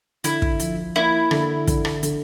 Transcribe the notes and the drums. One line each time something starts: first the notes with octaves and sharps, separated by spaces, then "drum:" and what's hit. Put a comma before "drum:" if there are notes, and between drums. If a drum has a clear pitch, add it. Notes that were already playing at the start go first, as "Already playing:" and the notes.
D3 E4, drum: hi-hat
drum: kick
F3, drum: hi-hat
A#3 E4
D3, drum: rim click
D3, drum: kick, hi-hat
drum: rim click
D3, drum: hi-hat